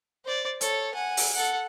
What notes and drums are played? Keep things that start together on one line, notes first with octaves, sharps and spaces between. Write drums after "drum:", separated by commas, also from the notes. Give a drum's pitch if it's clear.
C5 D5
A4 C#5, drum: hi-hat
F#5 G#5
drum: open hi-hat
A4 F#5